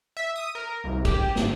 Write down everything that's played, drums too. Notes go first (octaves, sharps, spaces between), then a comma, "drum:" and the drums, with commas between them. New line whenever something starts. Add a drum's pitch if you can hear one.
E5
D#6
A#4
C2
G4, drum: kick, cymbal
G#1, drum: snare